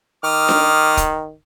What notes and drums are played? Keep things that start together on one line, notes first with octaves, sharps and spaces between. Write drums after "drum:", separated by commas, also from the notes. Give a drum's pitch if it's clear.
D#3 D6 D#6 F6
drum: snare D4
drum: kick, hi-hat